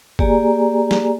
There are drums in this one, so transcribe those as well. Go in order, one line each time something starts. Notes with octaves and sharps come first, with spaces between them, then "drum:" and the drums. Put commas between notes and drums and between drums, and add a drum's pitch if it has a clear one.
A#3 G4 G#4 D5 G#5 A#5, drum: kick
drum: snare